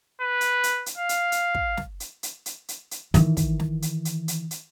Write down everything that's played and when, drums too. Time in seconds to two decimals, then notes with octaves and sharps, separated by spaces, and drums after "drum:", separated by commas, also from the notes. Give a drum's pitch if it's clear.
0.21 B4
0.41 drum: hi-hat
0.63 drum: hi-hat
0.86 drum: hi-hat
0.98 F5
1.09 drum: hi-hat
1.32 drum: hi-hat
1.55 drum: kick
1.77 drum: snare
2.00 drum: hi-hat
2.23 drum: hi-hat
2.46 drum: hi-hat
2.68 drum: hi-hat
2.91 drum: hi-hat
3.14 D#3 E3, drum: hi-hat
3.37 drum: kick, hi-hat
3.60 drum: snare
3.82 drum: hi-hat
4.05 drum: hi-hat
4.28 drum: hi-hat
4.51 drum: hi-hat